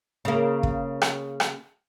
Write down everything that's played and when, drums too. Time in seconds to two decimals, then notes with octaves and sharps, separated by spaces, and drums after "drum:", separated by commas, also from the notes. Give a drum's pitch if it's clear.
0.25 C#3 A#3
0.63 drum: kick
1.02 drum: rim click
1.40 drum: rim click